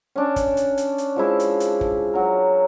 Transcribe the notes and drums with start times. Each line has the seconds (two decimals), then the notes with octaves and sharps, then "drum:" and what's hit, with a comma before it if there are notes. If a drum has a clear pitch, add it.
0.16 C#4 D4
0.36 drum: kick, hi-hat
0.57 drum: hi-hat
0.78 drum: hi-hat
0.98 drum: hi-hat
1.16 F3 G#3 E4
1.40 drum: hi-hat
1.60 drum: hi-hat
1.81 drum: kick
2.13 F#3 A#4